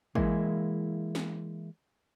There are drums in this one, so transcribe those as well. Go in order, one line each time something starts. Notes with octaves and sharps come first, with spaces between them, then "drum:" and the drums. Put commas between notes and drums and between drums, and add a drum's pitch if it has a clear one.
E3 G#3 A#3 E4, drum: kick
drum: snare